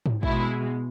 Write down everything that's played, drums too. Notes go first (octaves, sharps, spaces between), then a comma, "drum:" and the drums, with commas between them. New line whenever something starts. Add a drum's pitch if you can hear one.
drum: tom G#2
B2 G#3 E4, drum: kick